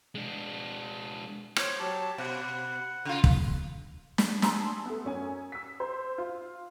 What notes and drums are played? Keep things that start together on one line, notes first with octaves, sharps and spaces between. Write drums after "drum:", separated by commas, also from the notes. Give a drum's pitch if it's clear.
G#3 D4
C5 C#5, drum: rim click
F#3 G4 A5
B2 F#5
C#3 F4
drum: kick
drum: snare
G#5 A5 C6 D#6 E6, drum: snare
A3 B3
F#2 C#4 G#5
E6 B6
C5
F4